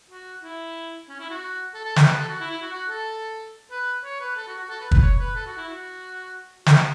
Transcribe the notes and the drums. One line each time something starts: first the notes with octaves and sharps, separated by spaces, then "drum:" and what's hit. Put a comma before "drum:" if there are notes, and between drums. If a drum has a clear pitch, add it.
F#4
E4
C#4
E4
F#4
A4
A4
B4, drum: snare
B4
A4
F#4
E4
E4
F#4
F#4
A4
B4
C#5
B4
A4
F#4
F#4
A4
B4
B4, drum: kick
C#5
B4
A4
F#4
E4
F#4
F#4, drum: snare